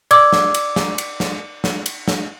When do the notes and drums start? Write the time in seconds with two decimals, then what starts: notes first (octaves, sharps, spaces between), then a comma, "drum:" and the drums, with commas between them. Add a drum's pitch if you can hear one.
0.11 D5 D6 E6 G#6, drum: cymbal
0.33 drum: snare
0.54 drum: cymbal
0.76 drum: snare
0.98 drum: cymbal
1.20 drum: snare
1.64 drum: snare
1.86 drum: cymbal
2.08 drum: snare